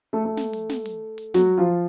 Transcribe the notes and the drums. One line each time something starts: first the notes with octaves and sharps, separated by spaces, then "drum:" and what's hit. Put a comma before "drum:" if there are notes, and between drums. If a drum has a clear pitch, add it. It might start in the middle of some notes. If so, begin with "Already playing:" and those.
A3 A4
A3 A4
drum: snare
drum: hi-hat
drum: snare
drum: hi-hat
drum: hi-hat
F#3 F#4, drum: snare
F3 F4